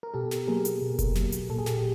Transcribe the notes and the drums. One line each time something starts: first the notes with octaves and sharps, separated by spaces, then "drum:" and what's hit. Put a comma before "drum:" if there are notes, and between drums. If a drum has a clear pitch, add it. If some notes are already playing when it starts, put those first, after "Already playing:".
A#4
B2 G4 A4
drum: snare
F#3 A#3 G#4 A#4
drum: hi-hat
B2
drum: kick F1, hi-hat
F#3, drum: snare
A#3
drum: hi-hat
A#2 A4
G#4
G4 A4, drum: snare